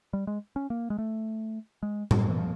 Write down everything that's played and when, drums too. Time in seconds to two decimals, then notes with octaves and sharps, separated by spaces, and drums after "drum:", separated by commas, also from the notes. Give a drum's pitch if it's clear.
0.13 G3
0.27 G#3
0.56 C#4
0.70 A#3
0.90 G#3
0.98 A3
1.83 G#3
2.11 G3, drum: tom A2
2.30 E3
2.38 F3